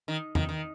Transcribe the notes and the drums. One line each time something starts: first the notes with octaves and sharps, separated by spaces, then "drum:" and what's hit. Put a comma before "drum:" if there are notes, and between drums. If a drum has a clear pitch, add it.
D#3
D#3, drum: tom E2
D#3